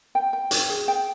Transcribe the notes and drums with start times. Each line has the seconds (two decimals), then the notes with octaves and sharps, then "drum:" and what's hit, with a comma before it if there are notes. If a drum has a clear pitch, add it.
0.15 G5
0.33 G5
0.51 C#5, drum: hi-hat
0.69 G#4
0.88 G5